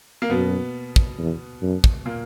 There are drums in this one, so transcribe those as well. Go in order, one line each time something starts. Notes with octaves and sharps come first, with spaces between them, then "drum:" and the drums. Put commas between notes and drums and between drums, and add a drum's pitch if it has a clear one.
A#3
F#2 B2 B3
drum: kick
E2
F#2
drum: kick
A#2 A#3